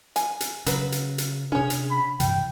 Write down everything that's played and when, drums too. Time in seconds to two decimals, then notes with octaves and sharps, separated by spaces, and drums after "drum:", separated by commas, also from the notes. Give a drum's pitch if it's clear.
0.16 G#5, drum: hi-hat
0.40 drum: hi-hat
0.66 C#3 F#3 B4, drum: hi-hat
0.92 drum: hi-hat
1.18 drum: hi-hat
1.52 C3 C#4 D4 G#4 C#5
1.70 drum: hi-hat
1.90 B5
2.20 G2 C3 E3 G5, drum: hi-hat